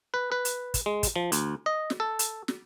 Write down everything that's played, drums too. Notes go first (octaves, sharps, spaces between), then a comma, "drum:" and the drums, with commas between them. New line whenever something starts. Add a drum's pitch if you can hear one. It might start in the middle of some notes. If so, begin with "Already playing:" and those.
B4
B4
drum: hi-hat
drum: kick, hi-hat
G#3
drum: kick, hi-hat
F3
D2, drum: hi-hat
D#5
drum: snare
A4
drum: hi-hat
drum: snare